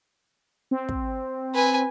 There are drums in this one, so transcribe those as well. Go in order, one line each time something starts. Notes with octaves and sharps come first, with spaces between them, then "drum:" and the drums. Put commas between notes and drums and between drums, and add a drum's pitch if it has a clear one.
C4
drum: kick
B4 G#5